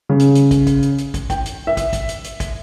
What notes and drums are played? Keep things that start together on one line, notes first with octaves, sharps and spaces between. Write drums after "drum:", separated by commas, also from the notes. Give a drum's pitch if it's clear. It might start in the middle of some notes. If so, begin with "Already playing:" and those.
C#3
drum: hi-hat
drum: hi-hat
drum: kick, hi-hat
drum: kick, hi-hat
drum: hi-hat
drum: hi-hat
drum: kick, hi-hat
G5, drum: kick, hi-hat
drum: hi-hat
E5
drum: kick, hi-hat
drum: kick, hi-hat
drum: hi-hat
drum: hi-hat
drum: kick, hi-hat